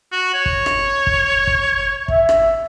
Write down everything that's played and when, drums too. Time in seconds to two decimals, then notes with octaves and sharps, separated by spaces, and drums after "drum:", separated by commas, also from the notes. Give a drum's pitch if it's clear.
0.12 F#4
0.34 C#5
0.46 drum: kick
0.66 drum: rim click
1.07 drum: kick
1.47 drum: kick
2.08 E5, drum: kick
2.29 drum: rim click